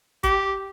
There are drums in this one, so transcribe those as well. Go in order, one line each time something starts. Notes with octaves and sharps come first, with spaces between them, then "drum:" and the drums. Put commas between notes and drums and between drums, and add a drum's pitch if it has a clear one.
G4, drum: kick, hi-hat